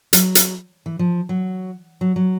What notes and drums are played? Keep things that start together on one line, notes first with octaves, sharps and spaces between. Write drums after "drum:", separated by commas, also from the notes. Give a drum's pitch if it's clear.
F#3, drum: hi-hat
drum: hi-hat
E3
F3
F#3
F#3
F#3